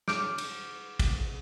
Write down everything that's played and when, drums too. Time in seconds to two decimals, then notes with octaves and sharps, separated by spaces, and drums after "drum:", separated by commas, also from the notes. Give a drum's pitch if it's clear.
0.08 D6 F6 G6 D7, drum: snare
0.38 drum: cymbal
1.00 drum: kick, cymbal